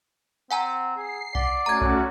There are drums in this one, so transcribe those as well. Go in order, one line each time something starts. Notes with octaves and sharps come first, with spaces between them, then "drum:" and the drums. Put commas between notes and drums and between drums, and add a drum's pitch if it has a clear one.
C4 F#5 G#5 A#5
G#4 C7
D5 F#5, drum: kick B1
A3 C#4 F#4 A#5 G#6
drum: kick B1